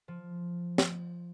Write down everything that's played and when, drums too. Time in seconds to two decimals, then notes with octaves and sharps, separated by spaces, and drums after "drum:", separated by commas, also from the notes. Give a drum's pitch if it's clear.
0.08 F3
0.78 drum: snare